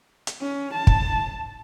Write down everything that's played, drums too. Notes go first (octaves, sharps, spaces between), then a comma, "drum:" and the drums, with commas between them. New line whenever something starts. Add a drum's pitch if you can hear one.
drum: hi-hat
C#4
A5
drum: kick